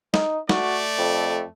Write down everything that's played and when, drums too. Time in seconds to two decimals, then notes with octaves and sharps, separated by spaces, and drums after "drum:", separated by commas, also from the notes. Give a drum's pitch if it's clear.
0.14 D#4, drum: snare
0.49 A3 F#4 D5, drum: snare
0.98 F2